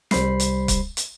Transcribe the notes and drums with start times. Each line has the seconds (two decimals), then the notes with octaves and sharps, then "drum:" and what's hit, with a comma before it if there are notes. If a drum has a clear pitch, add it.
0.11 C2 G3 C5 B5 C7, drum: snare
0.40 drum: hi-hat
0.68 drum: kick, hi-hat
0.97 drum: hi-hat